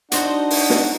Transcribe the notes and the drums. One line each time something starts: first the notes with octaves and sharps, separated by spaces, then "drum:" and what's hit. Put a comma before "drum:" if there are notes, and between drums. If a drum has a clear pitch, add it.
D4 D#4 F#4 C5 D#5 F#5, drum: hi-hat
drum: open hi-hat
drum: snare